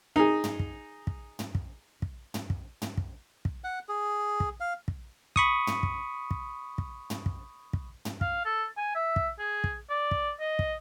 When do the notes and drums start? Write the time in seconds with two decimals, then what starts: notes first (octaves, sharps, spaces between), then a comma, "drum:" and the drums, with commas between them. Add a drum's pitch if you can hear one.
0.16 D#4 G#4
0.44 drum: tom
0.60 drum: kick
1.07 drum: kick
1.39 drum: tom
1.55 drum: kick
2.02 drum: kick
2.34 drum: tom
2.50 drum: kick
2.82 drum: tom
2.98 drum: kick
3.45 drum: kick
3.64 F#5
3.88 G#4
4.40 drum: kick
4.60 F5
4.88 drum: kick
5.36 B5 C#6 D#6, drum: kick
5.67 drum: tom
5.83 drum: kick
6.31 drum: kick
6.78 drum: kick
7.10 drum: tom
7.26 drum: kick
7.73 drum: kick
8.05 drum: tom
8.21 F5, drum: kick
8.45 A4
8.77 G#5
8.95 E5
9.16 drum: kick
9.39 G#4
9.64 drum: kick
9.90 D5
10.11 drum: kick
10.40 D#5
10.59 drum: kick